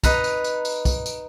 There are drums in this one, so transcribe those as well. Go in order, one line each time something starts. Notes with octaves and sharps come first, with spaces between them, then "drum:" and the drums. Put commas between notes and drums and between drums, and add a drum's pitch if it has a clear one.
D#4 B4 A#5, drum: kick, tambourine
drum: tambourine
drum: tambourine
drum: tambourine
drum: kick, tambourine
drum: tambourine